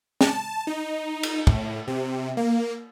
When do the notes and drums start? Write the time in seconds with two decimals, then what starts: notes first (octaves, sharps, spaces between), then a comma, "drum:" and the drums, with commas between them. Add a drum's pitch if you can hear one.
0.21 A5, drum: snare
0.67 D#4
1.23 drum: cymbal
1.47 A2, drum: kick
1.87 C3
2.37 A#3